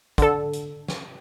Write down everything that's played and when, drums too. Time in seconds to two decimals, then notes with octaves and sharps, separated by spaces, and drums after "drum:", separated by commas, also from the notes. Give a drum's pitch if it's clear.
0.18 D3 A4, drum: kick, hi-hat
0.53 drum: hi-hat
0.88 drum: snare